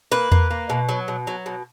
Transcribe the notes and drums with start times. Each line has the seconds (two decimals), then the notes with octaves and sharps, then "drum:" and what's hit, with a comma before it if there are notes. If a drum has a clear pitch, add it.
0.12 A#3 B4
0.32 A#3, drum: tom E2
0.51 A#3
0.70 B2
0.89 F#3
1.08 B2
1.27 F#3
1.46 B2